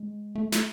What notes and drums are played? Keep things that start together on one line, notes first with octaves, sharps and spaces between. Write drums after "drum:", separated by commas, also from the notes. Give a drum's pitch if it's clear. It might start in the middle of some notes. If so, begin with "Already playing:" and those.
Already playing: G#3
A3
A3, drum: snare